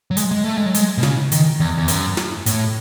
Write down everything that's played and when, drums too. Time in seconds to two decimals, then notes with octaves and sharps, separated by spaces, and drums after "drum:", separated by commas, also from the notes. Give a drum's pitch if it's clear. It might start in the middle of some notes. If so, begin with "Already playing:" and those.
0.11 F#3
0.17 G#3, drum: hi-hat
0.31 G#3
0.44 A3
0.58 G#3
0.66 F#3
0.74 G#3, drum: hi-hat
0.98 B2
1.03 C#3, drum: snare
1.32 D#3, drum: hi-hat
1.60 E2
1.78 E2
1.88 F#2, drum: hi-hat
2.17 drum: snare
2.46 A2, drum: hi-hat